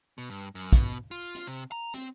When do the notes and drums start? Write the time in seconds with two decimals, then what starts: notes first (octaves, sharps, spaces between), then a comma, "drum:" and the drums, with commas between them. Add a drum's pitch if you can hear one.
0.18 B2
0.30 G2
0.55 F#2
0.73 B2, drum: kick, hi-hat
1.11 F4
1.35 drum: hi-hat
1.47 C3
1.72 A#5
1.94 C4, drum: hi-hat